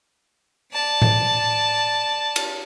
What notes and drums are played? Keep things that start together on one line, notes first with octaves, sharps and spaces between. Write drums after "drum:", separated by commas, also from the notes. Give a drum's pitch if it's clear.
D5 A5
drum: tom A2
drum: cymbal